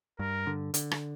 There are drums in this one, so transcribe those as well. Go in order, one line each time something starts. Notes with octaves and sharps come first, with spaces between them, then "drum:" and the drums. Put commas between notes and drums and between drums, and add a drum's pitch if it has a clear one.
G2 A#4
D3
D3, drum: hi-hat
drum: rim click